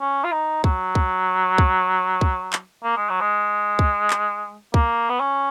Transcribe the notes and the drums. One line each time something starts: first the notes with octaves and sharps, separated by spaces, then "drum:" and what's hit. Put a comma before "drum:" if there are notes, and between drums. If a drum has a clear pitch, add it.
C#4
F4
D#4
F#3, drum: kick
drum: kick
drum: kick
drum: kick
drum: clap
A#3
G#3
F#3
G#3
drum: kick
drum: clap
A#3, drum: kick
B3
C#4